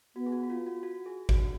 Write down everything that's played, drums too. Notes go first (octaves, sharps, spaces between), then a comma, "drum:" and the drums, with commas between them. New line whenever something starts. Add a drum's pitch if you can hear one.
B3 F#4
G#4
F#4
F#4
F4
F#4
F#4
G#4
F#4, drum: kick G#1